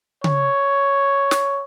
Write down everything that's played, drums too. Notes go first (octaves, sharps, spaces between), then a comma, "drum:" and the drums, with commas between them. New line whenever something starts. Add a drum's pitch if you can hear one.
C#5, drum: tom C#3
drum: snare